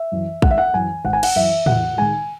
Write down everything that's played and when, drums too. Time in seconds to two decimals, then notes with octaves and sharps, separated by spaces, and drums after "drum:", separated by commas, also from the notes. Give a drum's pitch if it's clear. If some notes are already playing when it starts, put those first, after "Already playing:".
Already playing: E5
0.12 F#2 E3
0.42 G#1 F#5, drum: kick
0.51 E5
0.58 F#5
0.74 F#2 E3 G#5
1.05 G#1 F#5
1.13 G#5
1.23 F#5, drum: cymbal
1.36 F#2 E3 E5
1.66 E2 F#5, drum: tom A2
1.98 D#3 G#3 G#5